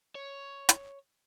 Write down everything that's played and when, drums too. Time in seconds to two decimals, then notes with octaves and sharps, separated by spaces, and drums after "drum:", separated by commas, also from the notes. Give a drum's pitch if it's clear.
0.15 C#5
0.69 drum: hi-hat